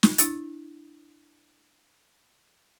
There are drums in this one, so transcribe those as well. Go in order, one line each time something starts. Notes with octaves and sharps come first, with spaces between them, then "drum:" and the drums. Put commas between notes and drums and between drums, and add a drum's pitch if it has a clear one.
drum: snare
D4 E4 E6 A6, drum: hi-hat